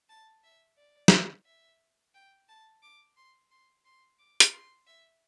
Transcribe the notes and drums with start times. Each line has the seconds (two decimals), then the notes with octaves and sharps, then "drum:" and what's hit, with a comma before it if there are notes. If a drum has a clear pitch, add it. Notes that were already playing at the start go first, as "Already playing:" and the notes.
0.09 A5
0.44 E5
0.77 D5
1.08 drum: snare
1.46 E5
2.14 G5
2.49 A5
2.83 D6
3.17 C6
3.51 C6
3.85 C6
4.19 D6
4.40 drum: hi-hat
4.53 C6
4.87 E5